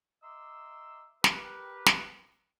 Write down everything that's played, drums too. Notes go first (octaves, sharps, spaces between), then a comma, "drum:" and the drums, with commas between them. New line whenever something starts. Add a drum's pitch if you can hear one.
D#5 E5 A#5 C6 D6 E6
G4 A#4 B4, drum: snare
drum: snare